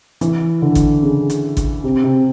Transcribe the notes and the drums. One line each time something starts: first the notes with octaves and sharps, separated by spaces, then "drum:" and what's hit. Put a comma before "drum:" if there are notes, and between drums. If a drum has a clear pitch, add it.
E3, drum: hi-hat
D3
drum: kick, hi-hat
C#3
drum: hi-hat
drum: kick, hi-hat
C3
C3